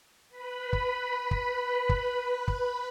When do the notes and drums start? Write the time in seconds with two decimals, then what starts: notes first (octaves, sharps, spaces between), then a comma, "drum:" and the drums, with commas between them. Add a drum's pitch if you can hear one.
0.29 B4 B5
0.73 drum: kick
1.31 drum: kick
1.89 drum: kick
2.48 drum: kick